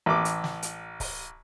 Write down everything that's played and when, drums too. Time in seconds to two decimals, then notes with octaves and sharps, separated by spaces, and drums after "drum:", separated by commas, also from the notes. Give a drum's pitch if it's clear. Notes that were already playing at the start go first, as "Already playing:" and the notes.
0.06 A1 D6
0.25 drum: hi-hat
0.44 drum: snare
0.63 drum: hi-hat
1.00 drum: kick C#1, open hi-hat